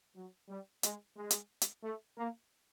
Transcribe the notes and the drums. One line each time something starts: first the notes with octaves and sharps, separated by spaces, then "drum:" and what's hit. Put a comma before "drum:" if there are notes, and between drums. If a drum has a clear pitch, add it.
F#3
G3
G#3, drum: hi-hat
G#3
drum: hi-hat
drum: hi-hat
A3
A#3